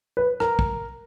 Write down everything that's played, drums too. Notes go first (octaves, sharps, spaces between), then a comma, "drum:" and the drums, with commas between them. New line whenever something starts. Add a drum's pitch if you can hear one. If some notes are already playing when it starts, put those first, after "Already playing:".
B4
A#4, drum: rim click
drum: kick